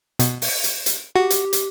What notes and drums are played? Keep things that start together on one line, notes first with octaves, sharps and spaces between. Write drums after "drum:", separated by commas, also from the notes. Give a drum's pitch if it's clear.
B2, drum: hi-hat
drum: open hi-hat
drum: hi-hat
drum: hi-hat
F#4 G4
drum: hi-hat
drum: hi-hat